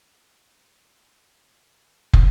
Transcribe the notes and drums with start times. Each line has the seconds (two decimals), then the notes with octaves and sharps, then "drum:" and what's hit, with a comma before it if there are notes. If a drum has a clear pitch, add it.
0.73 F#3 B3 C#4 E4 B4
2.13 drum: kick